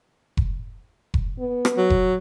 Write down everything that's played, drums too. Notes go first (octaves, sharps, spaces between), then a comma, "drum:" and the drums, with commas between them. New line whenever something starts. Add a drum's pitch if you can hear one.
drum: kick F1
drum: kick F1
B3
drum: rim click
F#3
drum: kick F1